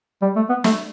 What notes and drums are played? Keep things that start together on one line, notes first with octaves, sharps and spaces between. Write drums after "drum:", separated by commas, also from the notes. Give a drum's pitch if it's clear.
G3
A3
B3
A3, drum: snare